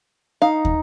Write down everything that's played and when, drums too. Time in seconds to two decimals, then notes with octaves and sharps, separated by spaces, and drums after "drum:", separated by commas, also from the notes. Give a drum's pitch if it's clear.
0.42 D#4 F5
0.65 drum: kick